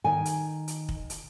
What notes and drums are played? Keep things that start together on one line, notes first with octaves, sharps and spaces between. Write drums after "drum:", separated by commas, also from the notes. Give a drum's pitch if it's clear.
D#3 G#5
drum: hi-hat
drum: hi-hat
drum: kick
drum: hi-hat